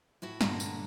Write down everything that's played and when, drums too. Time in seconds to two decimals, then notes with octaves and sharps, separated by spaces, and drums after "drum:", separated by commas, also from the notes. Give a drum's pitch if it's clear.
0.22 A2 E4 F#4
0.41 G2 A#2 D3 F#5 A#5, drum: snare
0.60 drum: tambourine